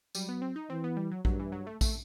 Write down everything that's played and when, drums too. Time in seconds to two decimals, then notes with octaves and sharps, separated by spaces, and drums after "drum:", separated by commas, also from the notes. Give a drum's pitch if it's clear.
0.15 F#3 G3, drum: tambourine
0.29 B3
0.42 C4
0.56 D#4
0.70 E3 C4
0.84 B3
0.97 G3
1.11 F#3
1.25 G2 F#3, drum: kick A#1
1.40 E3
1.52 F#3
1.67 A3
1.81 A3, drum: kick A#1, tambourine